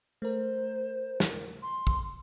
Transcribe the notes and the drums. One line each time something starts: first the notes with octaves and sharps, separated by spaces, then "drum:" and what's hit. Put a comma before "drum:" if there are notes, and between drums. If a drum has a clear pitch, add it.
A3 A#4 C5
drum: snare
C6
drum: kick